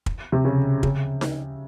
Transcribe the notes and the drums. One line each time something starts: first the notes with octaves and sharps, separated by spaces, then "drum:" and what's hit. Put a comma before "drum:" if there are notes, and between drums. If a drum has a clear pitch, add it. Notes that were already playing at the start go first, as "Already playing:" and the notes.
drum: kick
C3
C#3
C#3, drum: kick
drum: snare D#4